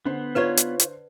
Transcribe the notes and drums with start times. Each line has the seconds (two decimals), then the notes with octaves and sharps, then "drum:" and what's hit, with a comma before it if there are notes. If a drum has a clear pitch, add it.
0.06 D3 B3 C5
0.35 D#4 F4 B4 C#5 D5
0.57 drum: hi-hat
0.80 drum: hi-hat